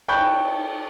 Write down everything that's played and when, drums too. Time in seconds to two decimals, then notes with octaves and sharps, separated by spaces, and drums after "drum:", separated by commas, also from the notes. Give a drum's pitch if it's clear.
0.08 G5 A5 B5 C#6 F#6 G6, drum: cymbal